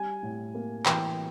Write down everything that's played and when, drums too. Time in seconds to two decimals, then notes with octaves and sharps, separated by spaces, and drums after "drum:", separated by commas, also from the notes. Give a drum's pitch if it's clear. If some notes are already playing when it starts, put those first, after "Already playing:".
Already playing: G3 G#5
0.23 A2
0.54 A#3
0.86 E3 G5, drum: clap